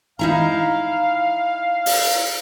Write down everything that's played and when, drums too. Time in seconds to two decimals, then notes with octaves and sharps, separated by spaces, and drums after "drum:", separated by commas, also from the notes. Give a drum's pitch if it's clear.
0.19 D#4 E4 F5 A#5
1.86 drum: open hi-hat